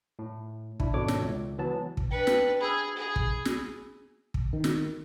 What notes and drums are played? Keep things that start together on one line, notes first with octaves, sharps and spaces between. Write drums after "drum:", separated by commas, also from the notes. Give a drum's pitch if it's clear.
A2
D4 E4, drum: kick
G#1 B2 D4 A4 C#5 D6
drum: snare
C#2
E3 F#3 B3 A5
drum: kick
D4 B4 G5 C#7
drum: snare
G#4 B5 E6
G#4
drum: kick
drum: snare
drum: kick
D#3
drum: snare